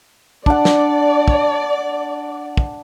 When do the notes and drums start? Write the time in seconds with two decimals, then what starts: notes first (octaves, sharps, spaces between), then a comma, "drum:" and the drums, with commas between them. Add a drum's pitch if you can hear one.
0.46 D4 D5 F#5, drum: kick
0.65 drum: snare
1.28 drum: kick
2.57 drum: kick